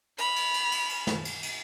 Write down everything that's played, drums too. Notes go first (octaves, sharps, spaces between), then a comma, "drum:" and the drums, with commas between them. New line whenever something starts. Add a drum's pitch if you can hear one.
B5 F7, drum: cymbal
drum: cymbal
drum: cymbal
drum: cymbal
drum: cymbal
drum: snare
drum: cymbal
drum: cymbal